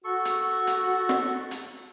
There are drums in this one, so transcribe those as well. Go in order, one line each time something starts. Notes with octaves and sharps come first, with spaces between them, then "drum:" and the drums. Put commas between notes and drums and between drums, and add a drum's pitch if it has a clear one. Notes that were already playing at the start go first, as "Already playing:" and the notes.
F#4 A4 C#6
drum: hi-hat
drum: hi-hat
drum: snare
drum: hi-hat